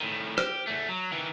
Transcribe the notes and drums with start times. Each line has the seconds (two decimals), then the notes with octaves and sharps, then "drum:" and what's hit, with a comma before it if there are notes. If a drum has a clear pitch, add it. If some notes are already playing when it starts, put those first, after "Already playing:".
0.01 A2 D#3
0.38 G4, drum: rim click
0.67 E2 A3
0.89 F#3
1.12 D#3 E3